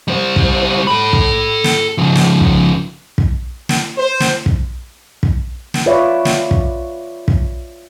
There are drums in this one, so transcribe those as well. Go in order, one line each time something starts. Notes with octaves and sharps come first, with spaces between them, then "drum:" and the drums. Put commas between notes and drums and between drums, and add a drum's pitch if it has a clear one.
G3 C5
drum: kick
A4 B5
drum: kick
drum: snare
C#3 F3
drum: snare
drum: kick
drum: kick
drum: snare
C5
drum: snare
drum: kick
drum: kick
drum: snare
F4 B4 C#5 D5 E5
drum: snare
drum: kick
drum: kick